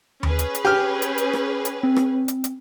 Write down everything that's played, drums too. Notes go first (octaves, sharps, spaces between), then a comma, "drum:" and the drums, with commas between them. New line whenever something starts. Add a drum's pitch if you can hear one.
C#4 G#4 B4, drum: tom D#2
drum: hi-hat
drum: hi-hat
G4 F6
drum: hi-hat
drum: hi-hat
drum: rim click
drum: hi-hat
C4
drum: rim click
drum: hi-hat
drum: hi-hat